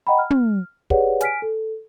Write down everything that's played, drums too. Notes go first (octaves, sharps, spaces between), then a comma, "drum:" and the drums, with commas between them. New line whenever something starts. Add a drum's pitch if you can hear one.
D#5 F#5 G5 A#5 B5
F6
drum: tom
G4 G#4 B4 C#5 D5 F#5, drum: kick
G#5 F6 B6 D7, drum: hi-hat
A4